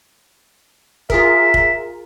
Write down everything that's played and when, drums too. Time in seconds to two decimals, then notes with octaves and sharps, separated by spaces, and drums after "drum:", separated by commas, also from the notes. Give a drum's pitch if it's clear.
1.10 F4 G#4 A#4 E5, drum: kick F1
1.54 drum: kick F1